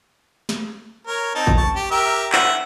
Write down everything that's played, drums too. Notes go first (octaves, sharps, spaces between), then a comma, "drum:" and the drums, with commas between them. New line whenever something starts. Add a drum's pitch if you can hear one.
drum: snare
A#4 C#5
C4 D#4 A5
drum: kick G#1
A5 C#6
G4
G4 A#4 E5
E5 F#5, drum: clap